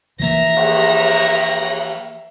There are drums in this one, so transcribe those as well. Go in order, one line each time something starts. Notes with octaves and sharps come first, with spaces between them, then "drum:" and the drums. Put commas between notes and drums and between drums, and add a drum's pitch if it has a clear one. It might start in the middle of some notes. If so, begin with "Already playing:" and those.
E3 F3 A#3 B4 E5 A#5 A#6
drum: cymbal
drum: open hi-hat